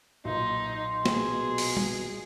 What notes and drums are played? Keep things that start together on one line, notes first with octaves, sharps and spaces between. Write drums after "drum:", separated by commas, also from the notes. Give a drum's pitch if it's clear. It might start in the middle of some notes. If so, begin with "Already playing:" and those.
B1 A#2 D#4 C6
B2 G#4, drum: snare
drum: open hi-hat
drum: tom